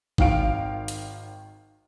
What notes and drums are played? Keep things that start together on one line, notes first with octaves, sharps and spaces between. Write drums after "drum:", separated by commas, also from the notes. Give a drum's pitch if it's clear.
G#1 D#3 F5 D7, drum: kick G#1
drum: hi-hat